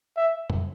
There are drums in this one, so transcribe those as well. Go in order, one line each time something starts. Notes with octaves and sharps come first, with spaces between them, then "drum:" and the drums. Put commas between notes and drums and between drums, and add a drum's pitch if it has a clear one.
E5
drum: tom